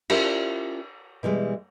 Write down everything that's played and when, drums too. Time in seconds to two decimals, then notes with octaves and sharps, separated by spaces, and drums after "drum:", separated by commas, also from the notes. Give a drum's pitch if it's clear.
0.10 C#4 E4 F4 G4 A#4 C5, drum: cymbal
1.23 B2 E3 G3 G#3